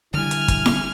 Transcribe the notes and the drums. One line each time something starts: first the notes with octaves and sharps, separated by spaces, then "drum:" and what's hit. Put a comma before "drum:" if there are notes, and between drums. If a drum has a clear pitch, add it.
D3 G3 E4 G#5 F6
drum: hi-hat
drum: kick, hi-hat
drum: snare E4